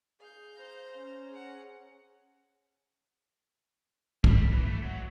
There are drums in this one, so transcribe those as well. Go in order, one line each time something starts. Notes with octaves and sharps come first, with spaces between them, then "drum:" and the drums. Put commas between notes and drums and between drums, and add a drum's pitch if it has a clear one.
G#4 F5 G6
C5 A#5
C#4
G#4 F#5
G#3 B5, drum: kick
E3
A3
F#3